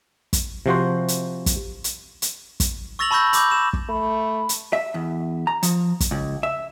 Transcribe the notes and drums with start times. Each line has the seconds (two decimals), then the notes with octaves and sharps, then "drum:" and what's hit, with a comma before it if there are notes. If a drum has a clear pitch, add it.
0.33 drum: kick, hi-hat
0.66 C3 F3 F#4 C5
1.08 drum: hi-hat
1.46 drum: kick, hi-hat
1.84 drum: hi-hat
2.22 drum: hi-hat
2.60 drum: kick, hi-hat
2.99 C#6 E6 A6 A#6 F7 F#7
3.11 A5 B5 C#6 E6 G6 A#6
3.33 B5 D6 G6, drum: hi-hat
3.51 E7
3.73 drum: kick
3.89 A3 B5
4.49 drum: hi-hat
4.73 E5
4.94 E2
5.47 A#5
5.63 F3, drum: hi-hat
6.00 drum: kick, hi-hat
6.11 C#2
6.43 E5